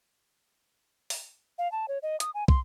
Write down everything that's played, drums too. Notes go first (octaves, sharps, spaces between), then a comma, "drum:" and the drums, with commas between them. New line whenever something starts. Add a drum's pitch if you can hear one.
drum: open hi-hat
F5
A5
C#5
D#5
D#6, drum: hi-hat
G#5
C6, drum: kick